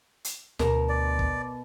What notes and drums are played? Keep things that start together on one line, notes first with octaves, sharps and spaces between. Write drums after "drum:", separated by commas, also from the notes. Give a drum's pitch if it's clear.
drum: hi-hat
D2 B2 A#4, drum: snare
D5
drum: kick